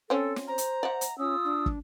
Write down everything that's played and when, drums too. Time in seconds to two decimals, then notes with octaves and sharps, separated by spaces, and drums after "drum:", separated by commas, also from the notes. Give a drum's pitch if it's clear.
0.10 C4 C#4 A4
0.36 drum: snare
0.48 C5 A#5
0.58 drum: hi-hat
0.83 D5 E5 F#5
1.01 drum: hi-hat
1.18 C#4 F4 D#6 E6
1.44 D4
1.66 drum: kick